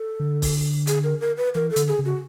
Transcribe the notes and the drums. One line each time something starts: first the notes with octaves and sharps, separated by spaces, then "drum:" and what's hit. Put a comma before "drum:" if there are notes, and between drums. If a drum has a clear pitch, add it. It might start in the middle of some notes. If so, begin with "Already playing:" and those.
Already playing: A4
D3
drum: kick, open hi-hat
G#4, drum: hi-hat
A#4
A#4
B4
E3 A#4
A4
D3, drum: hi-hat
G#4
C#3
F#4